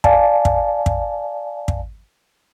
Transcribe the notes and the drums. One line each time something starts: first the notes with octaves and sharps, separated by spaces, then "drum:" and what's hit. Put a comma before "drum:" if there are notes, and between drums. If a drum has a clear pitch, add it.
D5 F5 G#5 A5, drum: kick
drum: kick
drum: kick
drum: kick